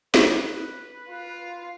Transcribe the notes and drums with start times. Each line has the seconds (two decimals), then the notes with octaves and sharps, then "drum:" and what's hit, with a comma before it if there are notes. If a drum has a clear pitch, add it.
0.14 B4, drum: snare
1.08 F4